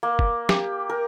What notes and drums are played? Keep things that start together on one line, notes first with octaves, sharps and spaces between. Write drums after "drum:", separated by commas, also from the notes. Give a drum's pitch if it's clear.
A#3
drum: kick
G4, drum: snare
A#4